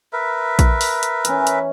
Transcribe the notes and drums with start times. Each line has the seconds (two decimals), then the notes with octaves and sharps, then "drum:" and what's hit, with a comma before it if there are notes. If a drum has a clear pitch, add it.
0.13 A#4 B4 E5
0.59 drum: kick A#1, hi-hat
0.81 drum: open hi-hat
1.03 drum: hi-hat
1.25 E3 C#4, drum: hi-hat
1.47 drum: hi-hat